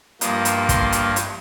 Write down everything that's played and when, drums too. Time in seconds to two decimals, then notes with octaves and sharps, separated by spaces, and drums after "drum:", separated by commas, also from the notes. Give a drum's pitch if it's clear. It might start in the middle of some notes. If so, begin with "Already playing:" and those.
0.21 G2 F3 A#3 D#6, drum: hi-hat
0.45 drum: hi-hat
0.69 C6, drum: kick, hi-hat
0.92 drum: hi-hat
1.16 drum: hi-hat